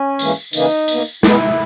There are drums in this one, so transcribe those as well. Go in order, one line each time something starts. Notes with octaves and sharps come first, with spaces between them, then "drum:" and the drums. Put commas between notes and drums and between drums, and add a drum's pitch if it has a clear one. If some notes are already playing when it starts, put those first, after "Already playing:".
Already playing: C#4
G#2 E3 A#3, drum: tambourine
C#3 E3 A#3 D#4, drum: tambourine
B2 A#3, drum: tambourine
B2 G#3 B3 E4, drum: snare